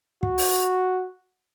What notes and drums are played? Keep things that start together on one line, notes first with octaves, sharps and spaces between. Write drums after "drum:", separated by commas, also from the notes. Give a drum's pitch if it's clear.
F#4, drum: kick
drum: open hi-hat